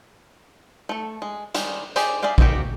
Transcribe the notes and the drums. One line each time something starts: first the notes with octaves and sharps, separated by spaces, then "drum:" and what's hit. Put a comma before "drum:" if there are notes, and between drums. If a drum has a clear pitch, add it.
A3 A4
G#3
D#3 G3 G#3, drum: hi-hat
G4 G#4 C5 D5, drum: hi-hat
G#4 D5 E5 F5 G5
A#3 C4 D#4 F#4 G4, drum: kick